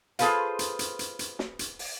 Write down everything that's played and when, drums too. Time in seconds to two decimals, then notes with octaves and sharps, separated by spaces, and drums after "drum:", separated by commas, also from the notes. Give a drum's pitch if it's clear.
0.19 F4 G#4 A4 B4 C5 F5, drum: hi-hat
0.59 drum: hi-hat
0.79 drum: hi-hat
0.99 drum: hi-hat
1.19 drum: hi-hat
1.39 drum: snare
1.59 drum: hi-hat
1.79 drum: open hi-hat